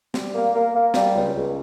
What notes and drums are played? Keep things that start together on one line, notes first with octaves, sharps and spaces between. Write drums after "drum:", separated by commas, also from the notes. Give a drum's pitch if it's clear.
G3, drum: snare
A#3
A#3
A#3
G3, drum: snare
C#2
C#2